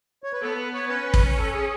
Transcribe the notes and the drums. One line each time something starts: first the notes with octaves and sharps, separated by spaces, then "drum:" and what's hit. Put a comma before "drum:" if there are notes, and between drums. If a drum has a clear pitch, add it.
C#5
B4
B3 A4
B4
C#5
C#4 B4
drum: kick
A4
G#4